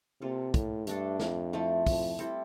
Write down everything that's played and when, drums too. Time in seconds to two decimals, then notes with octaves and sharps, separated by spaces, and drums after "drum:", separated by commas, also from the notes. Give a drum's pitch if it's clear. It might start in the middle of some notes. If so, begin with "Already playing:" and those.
0.21 C3 A#3 F4 A4
0.54 A2, drum: kick, hi-hat
0.87 G2 A3 D4 A4, drum: hi-hat
1.20 F2, drum: snare
1.53 F3 A3 E4 A4
1.86 F2, drum: kick, open hi-hat
2.19 G3 C4 E4 A4, drum: hi-hat